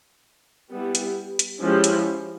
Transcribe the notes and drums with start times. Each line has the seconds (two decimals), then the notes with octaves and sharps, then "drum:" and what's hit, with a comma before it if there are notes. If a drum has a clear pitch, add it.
0.72 G3 B3 E4
0.95 drum: hi-hat
1.39 drum: hi-hat
1.62 F3 G#3 C#4 E4 G4
1.84 drum: hi-hat